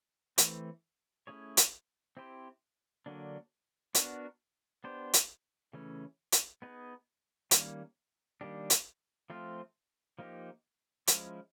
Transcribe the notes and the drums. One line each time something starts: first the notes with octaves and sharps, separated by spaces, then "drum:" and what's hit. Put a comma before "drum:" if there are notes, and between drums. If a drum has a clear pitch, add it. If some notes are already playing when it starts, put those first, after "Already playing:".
E3 A3 C4, drum: hi-hat
A3 C#4 E4 G#4 C#5
drum: hi-hat
C4 E4 G4 C5
D3 F#3 A#3 D4
B3 D4 F#4 A#4, drum: hi-hat
B3 D4 G4 C5
drum: hi-hat
C#3 E3 A3 C#4
drum: hi-hat
B3 D#4 G#4 B4
D#3 G3 A#3 C#4, drum: hi-hat
D#3 G3 A#3 D4 G4
drum: hi-hat
F3 A3 C4 F4
F3 A#3 D#4 G4
F3 G#3 C#4 E4, drum: hi-hat